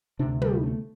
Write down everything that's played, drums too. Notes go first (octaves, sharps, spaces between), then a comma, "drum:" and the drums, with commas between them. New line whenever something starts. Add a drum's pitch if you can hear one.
D2 C3 D4
G3, drum: tom
A3